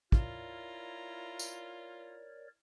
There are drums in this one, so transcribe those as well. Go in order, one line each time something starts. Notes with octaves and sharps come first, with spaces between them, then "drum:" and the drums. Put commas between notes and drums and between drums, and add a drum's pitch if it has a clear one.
E4 F4 A#4 C#5 D5 A#5, drum: kick
drum: tambourine